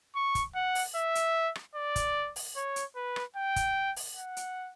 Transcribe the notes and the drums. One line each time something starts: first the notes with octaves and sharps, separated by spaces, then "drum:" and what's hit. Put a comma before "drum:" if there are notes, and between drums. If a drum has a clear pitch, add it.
C#6
drum: kick, hi-hat
F#5
drum: open hi-hat
E5
drum: hi-hat
drum: rim click
D5
drum: kick, hi-hat
drum: open hi-hat
C#5
drum: hi-hat
B4
drum: rim click
G5
drum: kick, hi-hat
drum: open hi-hat
F#5
drum: hi-hat